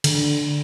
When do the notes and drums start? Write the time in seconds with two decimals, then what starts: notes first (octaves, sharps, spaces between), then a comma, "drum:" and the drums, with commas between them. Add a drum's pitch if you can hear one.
0.04 D3, drum: cymbal